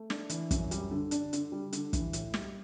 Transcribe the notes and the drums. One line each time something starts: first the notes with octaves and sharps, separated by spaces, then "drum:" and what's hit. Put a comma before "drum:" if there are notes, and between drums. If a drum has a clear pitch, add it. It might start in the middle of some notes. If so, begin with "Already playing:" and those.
Already playing: A3
D4, drum: snare
E3, drum: hi-hat
F#2, drum: kick, hi-hat
G3, drum: hi-hat
D3
D4, drum: hi-hat
D3, drum: hi-hat
G3
D3, drum: hi-hat
E3, drum: kick, hi-hat
A2, drum: hi-hat
G3, drum: snare